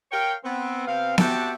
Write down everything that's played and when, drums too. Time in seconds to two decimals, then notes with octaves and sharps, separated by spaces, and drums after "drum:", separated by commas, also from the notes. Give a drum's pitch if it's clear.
0.12 A#4 C#5 F5 G5
0.44 B3 C4
0.87 C3 B3 C4 F5
1.18 C4 F#4 G4 E5 F#5 A5, drum: snare B3